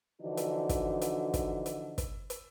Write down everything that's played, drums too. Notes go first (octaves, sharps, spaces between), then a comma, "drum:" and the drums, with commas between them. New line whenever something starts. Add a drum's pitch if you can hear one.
D3 E3 F3 D4 D#4 F#4
drum: hi-hat
drum: kick, hi-hat
drum: hi-hat
drum: kick, hi-hat
drum: hi-hat
drum: kick, hi-hat
drum: hi-hat